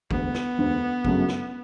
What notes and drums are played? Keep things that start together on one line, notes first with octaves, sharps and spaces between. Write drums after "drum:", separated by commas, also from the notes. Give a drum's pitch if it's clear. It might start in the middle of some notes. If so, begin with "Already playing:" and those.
E1 D2 D3 B3, drum: kick G#1
drum: snare
E1 D2 D3
G1 F#2 C#3 F#3 A3, drum: kick G#1
drum: snare